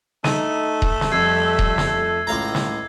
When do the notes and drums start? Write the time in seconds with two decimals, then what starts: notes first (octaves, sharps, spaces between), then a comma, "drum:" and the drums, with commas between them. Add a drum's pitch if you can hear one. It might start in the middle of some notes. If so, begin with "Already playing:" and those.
0.24 A3 D#4 D#7, drum: snare
0.82 drum: kick D#1
1.01 drum: snare
1.12 F2 G3 E6 G#6 C7
1.59 drum: kick D#1
1.78 drum: snare
2.27 C#2 A2 F5 A#5
2.55 drum: snare